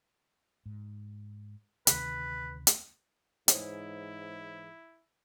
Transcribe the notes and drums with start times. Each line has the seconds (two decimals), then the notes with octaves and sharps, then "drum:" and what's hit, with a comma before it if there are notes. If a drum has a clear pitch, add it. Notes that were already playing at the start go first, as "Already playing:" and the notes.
0.66 G#2
1.87 D2 C3 D#3 B4, drum: hi-hat
2.67 drum: hi-hat
3.48 G#2 E3 E4 G#4 C5 C#5, drum: hi-hat